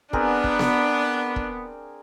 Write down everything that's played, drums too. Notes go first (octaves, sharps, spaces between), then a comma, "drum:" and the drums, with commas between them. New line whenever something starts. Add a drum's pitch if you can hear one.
B3 C4 D4 G#4 A#4, drum: kick
drum: kick
drum: snare B3
drum: kick